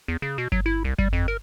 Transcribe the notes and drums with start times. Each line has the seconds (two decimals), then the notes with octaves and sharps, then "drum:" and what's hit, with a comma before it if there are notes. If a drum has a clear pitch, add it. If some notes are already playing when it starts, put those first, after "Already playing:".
0.08 E2
0.22 C#3
0.38 B2
0.52 F#3, drum: kick G1
0.66 E4
0.85 C2
0.98 G3, drum: kick G1
1.13 F2
1.28 A#4